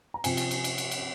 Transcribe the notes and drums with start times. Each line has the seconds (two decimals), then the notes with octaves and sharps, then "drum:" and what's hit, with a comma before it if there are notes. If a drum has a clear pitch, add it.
0.14 A#5
0.24 C3 F3 C4 G#5, drum: cymbal
0.37 drum: cymbal
0.51 drum: cymbal
0.64 drum: cymbal
0.78 drum: cymbal
0.91 drum: cymbal